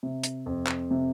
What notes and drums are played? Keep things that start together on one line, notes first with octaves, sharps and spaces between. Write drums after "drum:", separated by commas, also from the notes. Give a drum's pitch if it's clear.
C3
drum: hi-hat
F2
drum: clap
C3